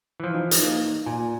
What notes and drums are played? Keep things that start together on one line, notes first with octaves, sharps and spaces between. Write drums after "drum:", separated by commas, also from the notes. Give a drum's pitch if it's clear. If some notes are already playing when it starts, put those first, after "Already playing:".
E3 F3
D#4
drum: hi-hat
A#3
A#2 G#5